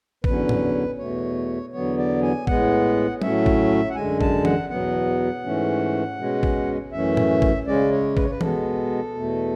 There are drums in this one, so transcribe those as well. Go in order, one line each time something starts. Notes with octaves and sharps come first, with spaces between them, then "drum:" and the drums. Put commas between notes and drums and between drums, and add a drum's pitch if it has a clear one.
E2 D3 F#3 C#4 B4, drum: kick
drum: tom A2
E2 B2 A3 C#5
E2 D3 F#3 B3 C#5
D5
G#5
A2 G#3 B3 F#5, drum: kick
A2 F#3 A3 C#4 E5, drum: tom F#3
drum: kick
F#5
F#2 D3 G#3 G#5
A5, drum: kick
F#5, drum: tom E3
E2 B2 F#3 B3 F#5
G#2 E3 A3 C#4
B2 G#3 C#4
drum: kick
F#2 E3 A3 C#4 E5
drum: tom A2
drum: kick
C#3 G#3 C#4 D5
C#5
B4, drum: kick
C#5
B4
B2 G#3 B3 A4, drum: tom E3
E2 B2 A3